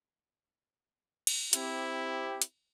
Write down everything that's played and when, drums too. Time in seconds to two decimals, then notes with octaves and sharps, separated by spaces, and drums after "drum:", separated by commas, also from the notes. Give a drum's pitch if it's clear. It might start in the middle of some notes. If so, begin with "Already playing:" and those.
1.27 drum: cymbal
1.53 C4 E4 G4, drum: hi-hat
2.42 drum: hi-hat